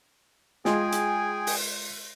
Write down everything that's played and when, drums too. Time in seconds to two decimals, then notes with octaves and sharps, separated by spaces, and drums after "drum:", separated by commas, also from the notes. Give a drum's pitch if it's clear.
0.65 G#3 F4 G#4 G5 G#5, drum: snare
0.92 drum: hi-hat
1.47 drum: open hi-hat